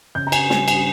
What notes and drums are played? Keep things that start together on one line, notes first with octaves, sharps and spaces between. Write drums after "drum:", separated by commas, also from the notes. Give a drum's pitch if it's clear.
C#3 G6
A#5
G#5, drum: cymbal
G3 C#4 G#5, drum: snare
G#5, drum: cymbal